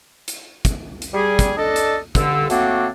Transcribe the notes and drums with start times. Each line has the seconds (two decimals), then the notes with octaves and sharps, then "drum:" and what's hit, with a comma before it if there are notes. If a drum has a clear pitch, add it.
0.28 drum: hi-hat
0.65 drum: kick, hi-hat
1.02 drum: hi-hat
1.14 G3 G#4
1.39 drum: kick, hi-hat
1.58 D4 A4 D#5
1.76 drum: hi-hat
2.15 G2 D3 E6, drum: kick, hi-hat
2.50 F#3 A3 A#3 C4 D4 F#4, drum: hi-hat